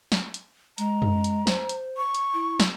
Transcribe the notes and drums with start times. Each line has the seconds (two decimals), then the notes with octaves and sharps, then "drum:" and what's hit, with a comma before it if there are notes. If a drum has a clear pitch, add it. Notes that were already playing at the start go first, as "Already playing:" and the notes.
0.12 drum: snare
0.34 drum: hi-hat
0.78 G#3 A#5, drum: hi-hat
1.02 drum: tom F#2
1.24 drum: hi-hat
1.47 C5, drum: snare
1.69 drum: hi-hat
1.97 C#6
2.14 drum: hi-hat
2.34 E4
2.60 drum: snare